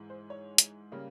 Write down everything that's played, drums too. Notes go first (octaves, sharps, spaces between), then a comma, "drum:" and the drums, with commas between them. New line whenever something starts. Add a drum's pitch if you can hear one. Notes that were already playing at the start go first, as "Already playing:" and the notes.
Already playing: G#2 E3 G#3
C5
C#5
drum: hi-hat
C#3 G3 A#3